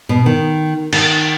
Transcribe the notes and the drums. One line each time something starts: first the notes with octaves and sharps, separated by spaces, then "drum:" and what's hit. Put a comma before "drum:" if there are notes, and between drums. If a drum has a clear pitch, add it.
B2
D#3
D#3, drum: cymbal